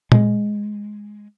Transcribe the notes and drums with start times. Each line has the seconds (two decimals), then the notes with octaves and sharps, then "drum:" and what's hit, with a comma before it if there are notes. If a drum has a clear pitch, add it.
0.12 G#3, drum: tom A#2